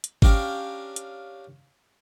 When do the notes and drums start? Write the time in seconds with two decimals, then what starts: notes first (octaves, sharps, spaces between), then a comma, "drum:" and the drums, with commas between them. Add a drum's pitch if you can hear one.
0.04 drum: hi-hat
0.22 C#4 D4 G4 A#4 F5 G5, drum: kick G1
0.96 drum: hi-hat